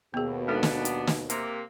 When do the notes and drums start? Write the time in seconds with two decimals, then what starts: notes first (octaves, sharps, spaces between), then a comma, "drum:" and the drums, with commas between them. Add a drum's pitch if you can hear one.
0.14 D#2 B2 B3 G#4
0.48 G#3 B3 D4 D#4 A4
0.63 drum: snare
0.85 drum: hi-hat
1.07 drum: snare
1.30 C3 A#3, drum: hi-hat